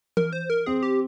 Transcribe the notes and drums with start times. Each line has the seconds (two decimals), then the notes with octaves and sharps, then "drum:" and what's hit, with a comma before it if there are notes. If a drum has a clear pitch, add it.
0.17 A#4, drum: tom E3
0.33 C5
0.50 A#4
0.66 C4 G#4
0.83 G4